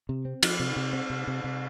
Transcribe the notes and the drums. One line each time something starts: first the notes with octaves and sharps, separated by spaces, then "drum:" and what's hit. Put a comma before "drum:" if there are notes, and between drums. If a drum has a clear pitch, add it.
C3
C4
F3, drum: cymbal
C3
C3
C4
C3
C3
C3